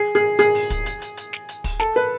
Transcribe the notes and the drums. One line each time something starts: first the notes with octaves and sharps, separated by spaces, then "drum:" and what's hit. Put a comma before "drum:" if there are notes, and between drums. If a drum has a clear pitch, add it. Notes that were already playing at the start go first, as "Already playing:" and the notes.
Already playing: G#4
G#4
G#4, drum: hi-hat
drum: open hi-hat
drum: kick, hi-hat
drum: hi-hat
drum: hi-hat
drum: hi-hat
drum: snare
drum: hi-hat
drum: kick, open hi-hat
A4, drum: snare
B4